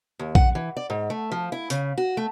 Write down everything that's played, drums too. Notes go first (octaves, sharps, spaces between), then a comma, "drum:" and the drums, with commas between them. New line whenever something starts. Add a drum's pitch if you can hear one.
D#2
F#5, drum: kick A#1
E3
D5
G#2
A3
F3
E4
C#3, drum: hi-hat
F#4
A3